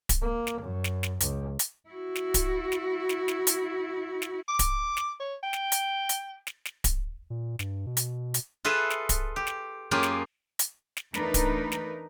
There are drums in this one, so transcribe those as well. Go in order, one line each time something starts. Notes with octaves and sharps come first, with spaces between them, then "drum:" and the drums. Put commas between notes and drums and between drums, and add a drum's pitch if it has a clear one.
drum: kick D1, hi-hat
A#3
drum: snare
F#2
drum: snare
drum: snare
C#2, drum: hi-hat
drum: hi-hat
E4 F#4
drum: snare
drum: kick D1, hi-hat
drum: snare
drum: snare
drum: snare
drum: hi-hat
drum: snare
D6
drum: kick D1, hi-hat
drum: snare
C#5
G5
drum: snare
drum: hi-hat
drum: hi-hat
drum: snare
drum: snare
drum: kick D1, hi-hat
A#2
G2, drum: snare
B2
drum: hi-hat
drum: hi-hat
F4 G#4 A4 B4 E5
drum: snare
drum: kick D1, hi-hat
G4
drum: snare
F#2 A#3 F4 G4 G#4
drum: snare
drum: hi-hat
drum: snare
E2 A3 D4 D#4 A#4 B4, drum: snare
drum: kick D1, hi-hat
drum: snare